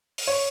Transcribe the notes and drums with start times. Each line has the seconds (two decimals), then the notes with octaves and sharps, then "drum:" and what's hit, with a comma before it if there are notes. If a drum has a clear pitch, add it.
0.18 drum: open hi-hat
0.27 C#5